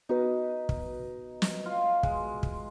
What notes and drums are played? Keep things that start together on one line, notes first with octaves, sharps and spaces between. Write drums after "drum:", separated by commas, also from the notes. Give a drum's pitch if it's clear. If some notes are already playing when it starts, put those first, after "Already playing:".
B3 D#4 F#4 B4
drum: kick
drum: snare
F4
G#3, drum: kick
drum: kick